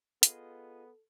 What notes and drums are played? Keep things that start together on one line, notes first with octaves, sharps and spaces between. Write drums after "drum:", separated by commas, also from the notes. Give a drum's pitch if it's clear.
B3 F4 G#4 A4 D#5, drum: hi-hat